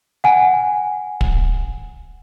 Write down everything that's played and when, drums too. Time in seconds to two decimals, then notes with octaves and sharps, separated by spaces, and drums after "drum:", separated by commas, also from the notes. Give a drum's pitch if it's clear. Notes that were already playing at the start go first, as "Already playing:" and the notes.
0.24 F#5 G#5
1.21 drum: kick